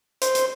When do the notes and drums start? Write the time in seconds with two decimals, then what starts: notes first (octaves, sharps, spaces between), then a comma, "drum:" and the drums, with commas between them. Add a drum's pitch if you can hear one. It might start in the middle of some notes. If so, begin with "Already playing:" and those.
0.22 C5, drum: hi-hat
0.35 drum: hi-hat